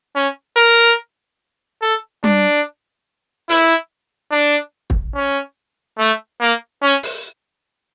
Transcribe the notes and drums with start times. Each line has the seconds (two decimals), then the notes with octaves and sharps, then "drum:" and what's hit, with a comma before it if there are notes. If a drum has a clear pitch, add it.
0.16 C#4
0.56 A#4
1.82 A4
2.24 D4, drum: tom G3
3.49 E4, drum: open hi-hat
4.31 D4
4.90 drum: kick
5.15 C#4
5.99 A3
6.40 A#3
6.82 C#4
7.03 drum: open hi-hat